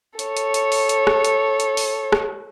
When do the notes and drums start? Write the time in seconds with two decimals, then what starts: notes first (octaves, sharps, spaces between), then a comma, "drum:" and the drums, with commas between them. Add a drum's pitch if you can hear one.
0.19 A4 C#5, drum: hi-hat
0.37 drum: hi-hat
0.54 drum: hi-hat
0.72 drum: open hi-hat
0.89 drum: hi-hat
1.07 drum: rim click
1.25 drum: hi-hat
1.60 drum: hi-hat
1.77 drum: open hi-hat
2.12 drum: rim click